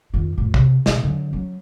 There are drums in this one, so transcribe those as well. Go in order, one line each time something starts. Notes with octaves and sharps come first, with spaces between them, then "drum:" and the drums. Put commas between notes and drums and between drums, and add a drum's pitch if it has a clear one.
F2 D#3
F2 A2
C3, drum: kick
D2 B2, drum: snare
D3 F#3
F#3 C#4